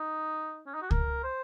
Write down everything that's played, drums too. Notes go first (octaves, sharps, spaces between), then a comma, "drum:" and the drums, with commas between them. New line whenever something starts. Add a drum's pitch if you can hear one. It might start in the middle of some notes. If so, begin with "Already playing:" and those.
Already playing: D#4
C#4
D#4
F#4
A#4, drum: kick C#2
C5